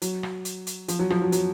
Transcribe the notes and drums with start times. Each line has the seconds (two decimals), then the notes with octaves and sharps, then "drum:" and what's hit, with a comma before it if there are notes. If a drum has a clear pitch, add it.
0.02 F#3, drum: hi-hat
0.23 drum: rim click
0.45 drum: hi-hat
0.67 drum: hi-hat
0.88 F3, drum: hi-hat
0.99 F#3
1.10 F3, drum: rim click
1.22 F#3
1.32 F#3, drum: hi-hat